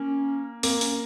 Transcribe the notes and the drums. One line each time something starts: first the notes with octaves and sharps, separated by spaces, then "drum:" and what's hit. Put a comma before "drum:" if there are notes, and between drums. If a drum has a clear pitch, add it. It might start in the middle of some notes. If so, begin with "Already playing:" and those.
Already playing: A#3 C#4
A#3 C4, drum: open hi-hat
C#4, drum: open hi-hat